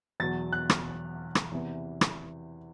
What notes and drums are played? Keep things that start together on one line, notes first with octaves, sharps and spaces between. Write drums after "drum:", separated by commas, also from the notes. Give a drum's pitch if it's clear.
E2 B2 F#3 A6
F#6
F6, drum: rim click
drum: rim click
E2 C3 E3
drum: rim click